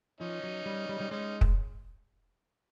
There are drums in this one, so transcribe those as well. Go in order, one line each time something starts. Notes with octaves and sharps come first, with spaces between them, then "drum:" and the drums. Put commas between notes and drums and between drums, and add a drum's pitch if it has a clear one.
F3 C#4 D#4
F#3
G3
G3
G3
G#3 C#4 D#4
drum: kick